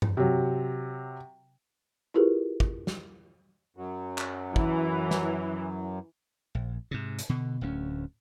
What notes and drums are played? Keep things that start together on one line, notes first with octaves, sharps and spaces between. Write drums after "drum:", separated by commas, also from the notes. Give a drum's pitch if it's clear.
drum: tom G2
C3 F#3
E4 F4 G4 G#4 A#4 B4
drum: kick
drum: snare
F#2 F#3
drum: clap
E3, drum: kick
drum: snare
A#1
G#2 C3
drum: hi-hat
B2 D3
D1 D2 G3 C#4